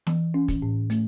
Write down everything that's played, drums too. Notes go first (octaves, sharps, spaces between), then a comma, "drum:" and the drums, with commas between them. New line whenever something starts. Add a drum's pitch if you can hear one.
E3, drum: snare
C#4
drum: kick, hi-hat
A2
A3, drum: hi-hat